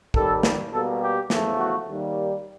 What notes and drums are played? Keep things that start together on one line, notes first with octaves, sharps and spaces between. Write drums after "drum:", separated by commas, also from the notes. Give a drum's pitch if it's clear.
D#2 D#3 G3 A4, drum: kick
drum: snare
B2 G3 A#3 A4
G4
E2 C#3 F3 A3, drum: snare
F#4
D#2 D#3 G3 A#3